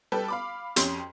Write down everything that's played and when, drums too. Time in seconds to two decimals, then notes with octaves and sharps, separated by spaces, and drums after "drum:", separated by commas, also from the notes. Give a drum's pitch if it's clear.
0.12 G3 G4 A4 B4
0.28 F5 B5 D6
0.76 F2 C#4 G4 G5 C6, drum: hi-hat